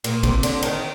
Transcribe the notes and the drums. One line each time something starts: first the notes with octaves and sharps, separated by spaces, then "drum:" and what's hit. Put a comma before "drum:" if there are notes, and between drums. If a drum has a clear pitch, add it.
A#2 A#3, drum: cymbal
C3 C4, drum: kick, cymbal
D3 D4, drum: cymbal
D#3 D#4, drum: cymbal